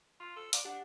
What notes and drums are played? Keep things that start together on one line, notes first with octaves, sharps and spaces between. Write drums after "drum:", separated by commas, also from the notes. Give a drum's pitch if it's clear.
F4 C6
A4
D5, drum: hi-hat
D4 G4 F#5